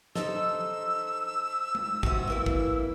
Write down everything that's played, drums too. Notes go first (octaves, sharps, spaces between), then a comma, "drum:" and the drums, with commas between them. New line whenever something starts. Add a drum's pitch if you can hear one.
D#4 A4 C5 E6, drum: snare
drum: tom G#3
C3 F#4, drum: kick
E3 A#3 E4, drum: tom G#3
drum: kick